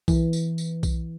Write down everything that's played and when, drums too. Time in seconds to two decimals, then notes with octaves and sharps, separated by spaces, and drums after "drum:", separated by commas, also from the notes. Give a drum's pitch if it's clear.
0.08 E3, drum: kick B1, tambourine
0.33 drum: tambourine
0.58 drum: tambourine
0.83 drum: kick B1, tambourine